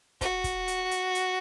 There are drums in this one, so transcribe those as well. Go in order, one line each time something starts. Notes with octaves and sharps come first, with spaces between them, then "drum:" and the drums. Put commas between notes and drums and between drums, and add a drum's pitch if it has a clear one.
F#4, drum: kick, hi-hat
drum: kick, hi-hat
drum: hi-hat
drum: hi-hat
drum: hi-hat